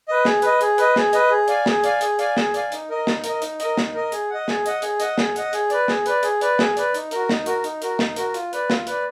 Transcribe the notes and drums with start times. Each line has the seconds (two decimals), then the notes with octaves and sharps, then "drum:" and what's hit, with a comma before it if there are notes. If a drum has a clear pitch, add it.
0.08 B4 D#5
0.25 G#4, drum: snare
0.42 B4 D#5, drum: hi-hat
0.61 G#4, drum: hi-hat
0.78 B4 D#5, drum: hi-hat
0.96 G#4, drum: snare
1.13 B4 D#5, drum: hi-hat
1.30 G#4
1.48 D5 F5 G#5, drum: hi-hat
1.66 G#4, drum: snare
1.84 D5 F5 G#5, drum: hi-hat
2.01 G#4, drum: hi-hat
2.19 D5 F5 G#5, drum: hi-hat
2.37 G#4, drum: snare
2.54 D5 F5 G#5, drum: hi-hat
2.72 D#4, drum: hi-hat
2.89 A#4 D#5
3.07 D#4, drum: snare
3.24 A#4 D#5, drum: hi-hat
3.42 D#4, drum: hi-hat
3.60 A#4 D#5, drum: hi-hat
3.77 D#4, drum: snare
3.94 A#4 D#5
4.12 G#4, drum: hi-hat
4.30 D#5 F#5
4.48 G#4, drum: snare
4.66 D#5 F#5, drum: hi-hat
4.82 G#4, drum: hi-hat
5.00 D#5 F#5, drum: hi-hat
5.18 G#4, drum: snare
5.36 D#5 F#5, drum: hi-hat
5.53 G#4, drum: hi-hat
5.70 B4 D5, drum: hi-hat
5.88 G#4, drum: snare
6.06 B4 D5, drum: hi-hat
6.23 G#4, drum: hi-hat
6.41 B4 D5, drum: hi-hat
6.59 G#4, drum: snare
6.77 B4 D5, drum: hi-hat
6.94 D#4, drum: hi-hat
7.11 F#4 A#4, drum: hi-hat
7.29 D#4, drum: snare
7.46 F#4 A#4, drum: hi-hat
7.64 D#4, drum: hi-hat
7.82 F#4 A#4, drum: hi-hat
7.99 D#4, drum: snare
8.16 F#4 A#4, drum: hi-hat
8.34 F4, drum: hi-hat
8.53 B4 D5, drum: hi-hat
8.70 F4, drum: snare
8.87 B4 D5, drum: hi-hat